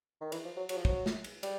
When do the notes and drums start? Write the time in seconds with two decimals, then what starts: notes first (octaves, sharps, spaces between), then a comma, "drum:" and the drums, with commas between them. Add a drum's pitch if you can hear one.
0.21 D#3
0.32 E3, drum: cymbal
0.45 F3
0.56 F#3
0.69 F#3, drum: cymbal
0.77 F3
0.85 F#3, drum: kick
1.06 drum: snare
1.24 drum: cymbal
1.43 G3, drum: cymbal